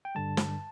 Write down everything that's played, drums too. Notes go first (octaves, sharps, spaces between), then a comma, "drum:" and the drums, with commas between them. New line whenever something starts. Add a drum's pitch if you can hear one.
G5
G2 D3 G3 A5
drum: snare